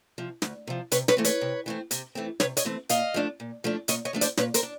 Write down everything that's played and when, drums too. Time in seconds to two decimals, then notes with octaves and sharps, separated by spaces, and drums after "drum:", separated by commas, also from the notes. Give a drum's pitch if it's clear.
0.18 C3 F3
0.42 D2, drum: snare
0.67 C3 F3
0.92 C3 B4 C#5, drum: hi-hat
1.08 B4 C#5, drum: snare
1.17 E3 A3 C4
1.25 B4 C#5, drum: hi-hat
1.41 C3
1.66 E3 A3 C4
1.91 C3, drum: hi-hat
2.15 E3 A3 C4
2.40 C3 B4 C#5, drum: snare
2.57 C#5 D#5, drum: hi-hat
2.65 E3 A3 C4
2.89 A#2 D#5 F5, drum: hi-hat
3.14 F3 A3 D4
3.40 A#2
3.64 F3 A3 D4
3.88 A#2 C#5 D#5, drum: hi-hat
4.05 C#5 D#5
4.13 F3 A3 D4
4.21 C5 D5, drum: hi-hat
4.37 A#2 B4 C#5, drum: snare
4.54 A#4 C5, drum: hi-hat
4.63 D4